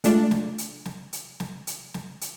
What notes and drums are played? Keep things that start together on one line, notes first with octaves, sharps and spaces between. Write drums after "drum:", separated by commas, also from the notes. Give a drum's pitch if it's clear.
G#3 A3 D4 F4, drum: hi-hat
drum: snare
drum: hi-hat
drum: snare
drum: hi-hat
drum: snare
drum: hi-hat
drum: snare
drum: hi-hat